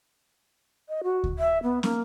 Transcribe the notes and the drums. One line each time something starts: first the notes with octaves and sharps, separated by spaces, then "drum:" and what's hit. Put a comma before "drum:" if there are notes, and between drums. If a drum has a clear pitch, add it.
D#5
F#4
drum: kick D2
E5
B3
A#3, drum: snare